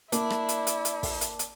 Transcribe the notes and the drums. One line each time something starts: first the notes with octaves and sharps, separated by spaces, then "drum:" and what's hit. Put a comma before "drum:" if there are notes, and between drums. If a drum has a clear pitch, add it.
A#3 D4 E4, drum: hi-hat
drum: rim click
drum: hi-hat
drum: hi-hat
drum: hi-hat
drum: kick, open hi-hat
drum: hi-hat
drum: hi-hat